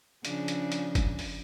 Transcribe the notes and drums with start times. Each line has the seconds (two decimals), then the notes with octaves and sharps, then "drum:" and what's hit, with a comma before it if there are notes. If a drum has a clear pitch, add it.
0.25 C#3 F3 D4, drum: hi-hat
0.48 drum: hi-hat
0.72 drum: hi-hat
0.95 drum: kick, hi-hat
1.19 drum: open hi-hat